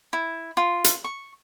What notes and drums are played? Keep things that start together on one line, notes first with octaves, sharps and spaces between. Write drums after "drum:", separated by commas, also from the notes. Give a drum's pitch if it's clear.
E4
F4
drum: hi-hat
C#6